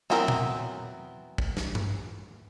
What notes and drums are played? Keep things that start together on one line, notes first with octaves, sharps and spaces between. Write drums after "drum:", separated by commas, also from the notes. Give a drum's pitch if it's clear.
E3 F#3 B3 C4 A#4, drum: snare
drum: tom A#2
drum: kick
drum: snare
drum: tom G2